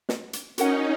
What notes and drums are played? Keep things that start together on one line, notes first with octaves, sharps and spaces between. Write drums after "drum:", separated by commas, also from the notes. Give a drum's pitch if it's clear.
drum: snare
drum: hi-hat
C#4 D#4 F#4 A#4 F#5, drum: hi-hat